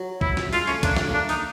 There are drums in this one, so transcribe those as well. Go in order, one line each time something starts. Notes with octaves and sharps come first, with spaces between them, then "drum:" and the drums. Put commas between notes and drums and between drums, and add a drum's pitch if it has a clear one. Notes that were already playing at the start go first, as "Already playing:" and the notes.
Already playing: F#3
E4, drum: kick B1
drum: snare
G#3 F4, drum: open hi-hat
A3 C#4, drum: open hi-hat
A#3 D4, drum: kick B1, hi-hat
A3, drum: snare
A#3 D4
D#4, drum: open hi-hat